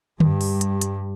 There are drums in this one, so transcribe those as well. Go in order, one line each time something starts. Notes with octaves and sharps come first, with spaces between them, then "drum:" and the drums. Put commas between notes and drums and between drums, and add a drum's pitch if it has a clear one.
G2 G3, drum: tom D3
drum: open hi-hat
drum: hi-hat
drum: hi-hat